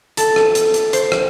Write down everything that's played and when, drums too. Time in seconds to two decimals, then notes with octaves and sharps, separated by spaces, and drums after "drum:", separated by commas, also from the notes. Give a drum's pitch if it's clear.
0.17 A4, drum: hi-hat
0.36 drum: rim click
0.55 drum: hi-hat
0.74 drum: hi-hat
0.93 C5, drum: hi-hat
1.12 drum: rim click